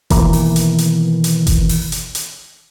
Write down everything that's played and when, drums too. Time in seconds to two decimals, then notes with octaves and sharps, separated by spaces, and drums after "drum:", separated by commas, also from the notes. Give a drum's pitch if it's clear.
0.10 B2 D#3 E3 A#3, drum: kick F#1, hi-hat
0.33 drum: open hi-hat
0.56 drum: hi-hat
0.78 drum: hi-hat
1.24 drum: hi-hat
1.47 drum: kick F#1, hi-hat
1.69 drum: open hi-hat
1.92 drum: hi-hat
2.15 drum: hi-hat